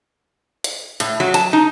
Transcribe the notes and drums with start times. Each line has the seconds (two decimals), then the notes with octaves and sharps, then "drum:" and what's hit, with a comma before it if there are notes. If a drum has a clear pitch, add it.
0.64 drum: hi-hat
1.00 A2, drum: hi-hat
1.20 F#3
1.34 A5, drum: hi-hat
1.53 D#4